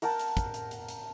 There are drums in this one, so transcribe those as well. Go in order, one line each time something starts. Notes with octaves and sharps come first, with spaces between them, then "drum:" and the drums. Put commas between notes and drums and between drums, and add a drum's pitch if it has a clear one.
A#4 F#5 G5 A5, drum: hi-hat
drum: hi-hat
drum: kick, hi-hat
drum: hi-hat
drum: hi-hat
drum: hi-hat